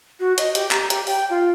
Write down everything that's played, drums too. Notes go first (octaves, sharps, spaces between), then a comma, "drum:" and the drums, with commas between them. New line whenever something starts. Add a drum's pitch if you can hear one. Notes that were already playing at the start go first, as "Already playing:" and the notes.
F#4
D#5, drum: hi-hat
G4, drum: hi-hat
A#5, drum: clap
G4, drum: hi-hat
G5, drum: open hi-hat
F4